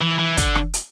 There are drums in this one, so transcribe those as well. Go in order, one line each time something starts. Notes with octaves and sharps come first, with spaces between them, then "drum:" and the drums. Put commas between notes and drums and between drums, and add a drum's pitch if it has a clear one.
E3
E3
D3, drum: kick, hi-hat
drum: rim click
drum: hi-hat